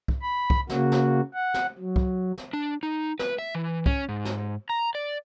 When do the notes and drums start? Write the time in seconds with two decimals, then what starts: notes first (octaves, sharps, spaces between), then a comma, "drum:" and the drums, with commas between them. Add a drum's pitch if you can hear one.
0.08 drum: kick C2
0.21 B5
0.50 drum: kick C2
0.69 C#3 A#3 F#4, drum: snare
0.92 drum: snare
1.33 F#5
1.54 drum: snare
1.78 F#3
1.96 drum: kick C2
2.38 drum: snare
2.53 D4
2.83 D#4
3.19 B4, drum: snare
3.38 E5
3.55 E3
3.86 C#4, drum: kick C2
4.09 G#2
4.25 drum: snare
4.70 A#5
4.95 D5